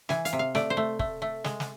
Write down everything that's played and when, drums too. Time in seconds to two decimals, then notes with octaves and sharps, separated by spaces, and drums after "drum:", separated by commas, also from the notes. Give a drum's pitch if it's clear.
0.09 E3 G#5, drum: snare
0.25 F5, drum: hi-hat
0.33 C3
0.39 F5
0.55 A3 D5, drum: snare
0.70 C5
0.77 A3
0.99 A3, drum: kick
1.22 A3
1.44 G#3, drum: snare
1.60 drum: snare